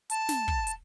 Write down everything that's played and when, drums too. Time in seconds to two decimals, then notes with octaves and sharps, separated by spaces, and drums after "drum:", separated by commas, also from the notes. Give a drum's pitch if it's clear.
0.10 A5, drum: hi-hat
0.29 drum: snare
0.48 drum: kick
0.67 drum: hi-hat